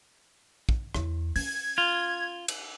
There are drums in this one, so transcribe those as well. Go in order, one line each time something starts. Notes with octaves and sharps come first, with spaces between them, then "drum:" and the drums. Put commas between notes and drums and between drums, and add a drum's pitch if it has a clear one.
drum: kick
E2, drum: rim click
C#4 G#6, drum: open hi-hat
F4
drum: cymbal